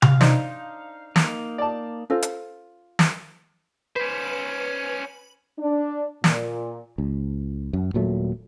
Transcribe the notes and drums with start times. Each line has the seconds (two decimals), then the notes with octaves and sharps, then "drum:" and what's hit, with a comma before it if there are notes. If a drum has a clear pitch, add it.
0.02 F5, drum: tom C3
0.21 D4 D#4 C5, drum: snare
1.16 A#3 D#4, drum: snare
1.58 D5 A5
2.10 C#4 F4 A4 C5
2.22 drum: hi-hat
2.99 drum: snare
3.96 C#4 B4 C5
5.59 D4
6.24 A#2, drum: snare
6.98 C#2
7.73 F#2
7.94 D#1 A#2 F#3 A3